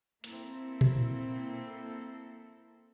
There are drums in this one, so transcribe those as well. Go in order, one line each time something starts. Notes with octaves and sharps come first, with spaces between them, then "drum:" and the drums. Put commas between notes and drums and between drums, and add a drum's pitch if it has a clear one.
A#3 C4 E4 A4, drum: hi-hat
drum: tom A#2